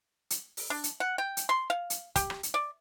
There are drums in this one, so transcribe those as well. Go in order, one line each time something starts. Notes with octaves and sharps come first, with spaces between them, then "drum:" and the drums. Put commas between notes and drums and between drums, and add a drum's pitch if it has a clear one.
drum: hi-hat
drum: open hi-hat
D4
drum: hi-hat
F#5
G5
drum: hi-hat
C6
F5
drum: hi-hat
G4, drum: kick, hi-hat
drum: rim click
drum: hi-hat
D5